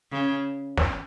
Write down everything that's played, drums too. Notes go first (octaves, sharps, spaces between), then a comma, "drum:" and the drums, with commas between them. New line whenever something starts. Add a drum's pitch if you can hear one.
C#3
drum: snare